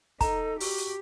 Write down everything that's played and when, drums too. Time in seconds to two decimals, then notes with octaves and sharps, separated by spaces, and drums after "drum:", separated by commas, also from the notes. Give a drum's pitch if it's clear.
0.21 D#4 A4 A#5, drum: kick, hi-hat
0.60 F#4 G4, drum: open hi-hat
0.78 drum: hi-hat